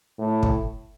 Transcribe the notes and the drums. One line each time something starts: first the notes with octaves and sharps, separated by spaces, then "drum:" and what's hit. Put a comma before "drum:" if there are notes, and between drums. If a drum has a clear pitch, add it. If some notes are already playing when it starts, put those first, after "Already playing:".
A2
drum: kick